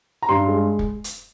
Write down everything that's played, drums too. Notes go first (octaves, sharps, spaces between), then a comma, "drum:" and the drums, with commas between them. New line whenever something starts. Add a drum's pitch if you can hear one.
A#5
G2 C6
G#3
drum: kick
drum: hi-hat